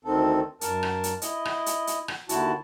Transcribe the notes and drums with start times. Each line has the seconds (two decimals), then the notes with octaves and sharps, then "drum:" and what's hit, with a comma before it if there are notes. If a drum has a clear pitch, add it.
0.05 D2 D#3 C4 A4
0.61 F#2 A#4 A5, drum: hi-hat
0.83 drum: rim click
1.04 drum: hi-hat
1.22 E4 D#5, drum: hi-hat
1.45 drum: rim click
1.66 drum: hi-hat
1.87 drum: hi-hat
2.08 drum: rim click
2.29 D#2 D3 E4 F#4 A5, drum: hi-hat